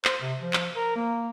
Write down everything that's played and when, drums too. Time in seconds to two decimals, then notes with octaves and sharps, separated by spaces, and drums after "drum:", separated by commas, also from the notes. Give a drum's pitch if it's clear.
0.05 C5, drum: clap
0.21 C3
0.40 F3
0.53 drum: clap
0.75 A#4
0.96 A#3